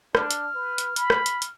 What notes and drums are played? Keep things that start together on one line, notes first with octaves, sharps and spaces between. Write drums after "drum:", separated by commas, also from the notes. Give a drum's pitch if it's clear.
D4 F6, drum: rim click
drum: hi-hat
B4
drum: hi-hat
B5, drum: hi-hat
drum: rim click
drum: hi-hat
drum: hi-hat